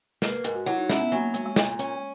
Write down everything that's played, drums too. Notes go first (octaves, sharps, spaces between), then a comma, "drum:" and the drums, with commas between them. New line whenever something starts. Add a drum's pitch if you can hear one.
A#3 B4, drum: snare
B4
G#2 A#4, drum: hi-hat
F#4
F#3 E4
D#4
C#4 E4, drum: snare
B3
F#3 A#3
A#3
G#3 C#4, drum: hi-hat
G#3
A#2, drum: snare
C#4, drum: hi-hat